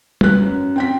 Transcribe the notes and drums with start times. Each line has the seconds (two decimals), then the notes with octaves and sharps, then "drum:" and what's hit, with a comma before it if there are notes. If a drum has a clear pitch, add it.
0.21 B4 F#6, drum: tom
0.39 F#2
0.76 C4 G5 B6